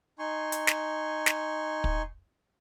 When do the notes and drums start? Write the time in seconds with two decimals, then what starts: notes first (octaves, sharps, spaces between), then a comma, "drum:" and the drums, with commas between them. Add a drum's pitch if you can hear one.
0.19 D#4 G#5 C6 C#6
0.52 drum: hi-hat
0.67 drum: snare
1.26 drum: snare
1.84 drum: kick